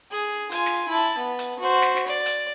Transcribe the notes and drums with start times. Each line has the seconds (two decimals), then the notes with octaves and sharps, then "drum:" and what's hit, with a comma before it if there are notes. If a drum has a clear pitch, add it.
0.12 G#4
0.52 F4 G#5, drum: hi-hat
0.66 drum: snare
0.88 E4 A5
1.18 B3
1.39 drum: hi-hat
1.59 F#4 C5
1.82 drum: snare
1.97 drum: snare
2.07 D5
2.26 drum: hi-hat